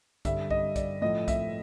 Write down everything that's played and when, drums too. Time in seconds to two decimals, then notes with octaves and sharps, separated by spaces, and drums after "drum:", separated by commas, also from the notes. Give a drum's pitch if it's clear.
0.25 G2 D3 G3 E5, drum: kick B1, hi-hat
0.50 D#5, drum: kick B1
0.76 D5, drum: kick B1, hi-hat
1.02 A2 F3 D#5
1.28 E5, drum: kick B1, hi-hat